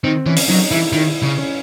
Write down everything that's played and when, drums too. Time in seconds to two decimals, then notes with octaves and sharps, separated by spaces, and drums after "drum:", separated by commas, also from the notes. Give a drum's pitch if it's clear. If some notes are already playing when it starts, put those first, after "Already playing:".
0.04 D#3 C4
0.26 E3 C#4
0.37 drum: open hi-hat
0.48 F#3 D#4
0.71 E3 E4
0.93 D#3 E4
1.23 C#3
1.38 C#4